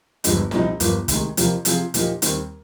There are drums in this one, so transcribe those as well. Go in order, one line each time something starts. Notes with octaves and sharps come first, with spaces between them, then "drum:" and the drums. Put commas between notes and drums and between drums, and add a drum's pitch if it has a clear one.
G1 G2 D3 F3 G#3, drum: hi-hat
C2 A#2 F3 C4 D#4, drum: snare
G1 G2 F3 A#3, drum: hi-hat
D2 C3 D#3 G#3, drum: kick, hi-hat
F2 C3 F3 A#3, drum: hi-hat
C3 F3 C4 F4 G#4, drum: hi-hat
A#2 F3 A#3 D#4 G4, drum: hi-hat
D#2 D#3 G3 C4, drum: hi-hat